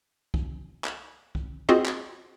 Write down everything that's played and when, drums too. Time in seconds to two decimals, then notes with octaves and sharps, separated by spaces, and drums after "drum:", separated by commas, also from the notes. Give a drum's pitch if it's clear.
0.34 drum: kick
0.84 drum: clap
1.35 drum: kick
1.69 C4 F4 F#4 G#4 D#5
1.85 drum: clap